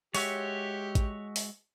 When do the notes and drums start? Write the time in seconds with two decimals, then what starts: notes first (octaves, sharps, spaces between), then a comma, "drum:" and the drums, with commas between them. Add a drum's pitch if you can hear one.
0.15 G#3 F#4 G4 C#5 E5, drum: open hi-hat
0.95 drum: kick, hi-hat
1.36 drum: open hi-hat